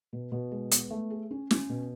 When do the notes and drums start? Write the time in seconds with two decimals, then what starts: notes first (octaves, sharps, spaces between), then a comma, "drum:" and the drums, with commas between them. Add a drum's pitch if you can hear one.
0.13 B2
0.32 B2
0.51 G#3
0.71 B3, drum: hi-hat
0.90 A3
1.10 G#4
1.31 C#4
1.51 C#4, drum: snare
1.69 B2